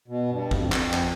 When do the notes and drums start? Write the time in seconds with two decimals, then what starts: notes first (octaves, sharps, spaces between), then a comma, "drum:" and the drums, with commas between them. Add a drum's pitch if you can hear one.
0.08 B2
0.29 G2
0.51 F2, drum: kick
0.72 F2, drum: clap
0.94 drum: clap